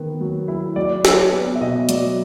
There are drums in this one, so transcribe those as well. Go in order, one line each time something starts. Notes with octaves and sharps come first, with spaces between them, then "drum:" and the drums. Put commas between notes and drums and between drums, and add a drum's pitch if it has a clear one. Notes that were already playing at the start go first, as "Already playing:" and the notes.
Already playing: D#3 B3
F#3
E4
F#3 D5
D4 C#5, drum: snare
B3 D5
E5
B2 D#5
F#3 D5, drum: hi-hat